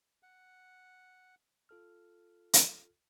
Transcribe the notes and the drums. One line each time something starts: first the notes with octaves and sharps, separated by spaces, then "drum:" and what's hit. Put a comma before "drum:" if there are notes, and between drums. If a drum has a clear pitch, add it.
F#5
F4 A4 F6
drum: hi-hat